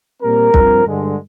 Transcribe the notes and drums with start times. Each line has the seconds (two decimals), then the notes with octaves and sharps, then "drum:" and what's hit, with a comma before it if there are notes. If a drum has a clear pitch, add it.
0.23 A#2 G3 C4 A#4
0.54 G2 F3 C4, drum: kick
0.86 G2 D3 G#3